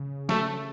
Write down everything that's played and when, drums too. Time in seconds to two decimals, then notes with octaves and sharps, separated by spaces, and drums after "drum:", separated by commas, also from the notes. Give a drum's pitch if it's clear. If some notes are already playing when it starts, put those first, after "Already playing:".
Already playing: C#3
0.29 A3, drum: snare